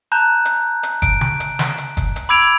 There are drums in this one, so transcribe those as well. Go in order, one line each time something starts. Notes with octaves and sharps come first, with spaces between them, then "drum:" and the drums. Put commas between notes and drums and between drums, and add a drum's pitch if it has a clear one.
A5 A#5 F#6 G6
drum: hi-hat
drum: hi-hat
D7, drum: kick, hi-hat
drum: tom C#3
drum: hi-hat
drum: snare
drum: hi-hat
drum: kick, hi-hat
drum: hi-hat
B5 D6 E6 G#6 D7 F7